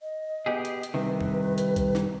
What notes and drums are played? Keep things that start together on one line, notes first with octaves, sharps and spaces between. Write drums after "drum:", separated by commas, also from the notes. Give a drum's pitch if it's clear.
D#5
B3 G4 G#4
drum: hi-hat
drum: hi-hat
C2 C3 D#3 B4
drum: tom F2
drum: hi-hat
drum: kick B1, hi-hat
drum: snare